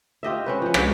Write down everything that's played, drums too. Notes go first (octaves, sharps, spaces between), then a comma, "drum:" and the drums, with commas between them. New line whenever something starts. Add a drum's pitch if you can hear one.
F4 G4 D#5 E5
C4 C#4 B4
F3 C#4
G#3 F#4 D5, drum: rim click